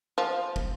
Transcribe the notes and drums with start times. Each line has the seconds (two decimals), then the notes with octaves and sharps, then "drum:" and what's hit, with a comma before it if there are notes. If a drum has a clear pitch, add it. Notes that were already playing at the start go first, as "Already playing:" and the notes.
0.18 F3
0.56 drum: kick